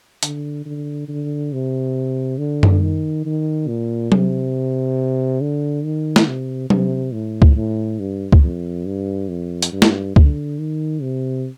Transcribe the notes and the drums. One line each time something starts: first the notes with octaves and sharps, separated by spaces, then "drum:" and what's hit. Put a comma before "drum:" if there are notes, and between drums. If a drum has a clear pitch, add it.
D3, drum: hi-hat
D3
D3
C3
D3
drum: tom F#2
D#3
D#3
A#2
C3, drum: tom F#3
D3
D#3
drum: snare
C3
C3, drum: tom F#3
A2
drum: kick C#2
A2
G2
drum: kick C#2
F2
G2
F2
drum: hi-hat
G2
drum: snare
D3, drum: kick C#2
D#3
C3